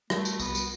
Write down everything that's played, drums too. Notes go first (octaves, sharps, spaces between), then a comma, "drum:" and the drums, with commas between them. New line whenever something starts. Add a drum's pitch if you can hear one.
G3 A3, drum: rim click
drum: tambourine
C2 B3, drum: tambourine
drum: tambourine